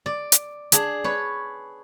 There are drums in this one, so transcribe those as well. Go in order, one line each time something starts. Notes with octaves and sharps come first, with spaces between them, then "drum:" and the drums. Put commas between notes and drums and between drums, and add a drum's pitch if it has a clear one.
D5
drum: hi-hat
D4 G#4, drum: hi-hat
B4 C#5